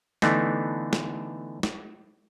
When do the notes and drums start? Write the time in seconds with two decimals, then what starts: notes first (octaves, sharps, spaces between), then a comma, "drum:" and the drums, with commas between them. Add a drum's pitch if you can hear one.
0.22 D3 E3 A3 B3 D4 D#4, drum: snare
0.93 drum: snare
1.63 drum: snare